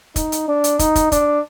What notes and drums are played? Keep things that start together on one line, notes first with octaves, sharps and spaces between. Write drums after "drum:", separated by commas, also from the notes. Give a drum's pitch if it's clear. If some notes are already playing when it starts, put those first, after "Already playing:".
D#4, drum: kick, hi-hat
drum: hi-hat
D4
drum: hi-hat
D#4, drum: kick, hi-hat
drum: kick, hi-hat
D4, drum: kick, hi-hat